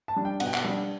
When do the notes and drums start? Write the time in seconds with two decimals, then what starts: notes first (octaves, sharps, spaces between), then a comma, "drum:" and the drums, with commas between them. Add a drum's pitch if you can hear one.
0.08 A5
0.16 G3 D4
0.25 G5
0.40 B2 F#5, drum: cymbal
0.47 G5
0.54 F#5, drum: clap
0.65 G3 D4